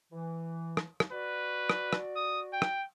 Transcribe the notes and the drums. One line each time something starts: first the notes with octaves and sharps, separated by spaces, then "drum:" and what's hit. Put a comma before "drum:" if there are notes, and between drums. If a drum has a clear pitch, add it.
E3
drum: rim click
drum: rim click
F#4 B4 D5
drum: rim click
drum: rim click
D#6
G5
drum: rim click